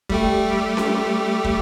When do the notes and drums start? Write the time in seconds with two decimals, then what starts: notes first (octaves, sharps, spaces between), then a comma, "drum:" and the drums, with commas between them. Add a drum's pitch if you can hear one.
0.10 G3 A3 G4, drum: kick
0.77 drum: snare C#4
1.44 drum: kick